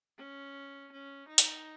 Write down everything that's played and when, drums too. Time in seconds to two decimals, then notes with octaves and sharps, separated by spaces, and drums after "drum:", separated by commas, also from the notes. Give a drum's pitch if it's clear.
0.18 C#4
0.93 C#4
1.29 D#4
1.38 drum: hi-hat